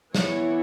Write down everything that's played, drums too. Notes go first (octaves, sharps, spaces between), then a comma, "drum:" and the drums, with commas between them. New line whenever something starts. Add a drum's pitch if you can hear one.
E3 B3 E4 C#5, drum: snare